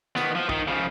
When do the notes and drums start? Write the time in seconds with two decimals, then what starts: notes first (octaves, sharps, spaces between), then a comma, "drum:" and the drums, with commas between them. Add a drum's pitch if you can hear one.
0.15 D#3 B3, drum: snare
0.35 F3
0.49 D#3, drum: kick
0.68 C#3 F3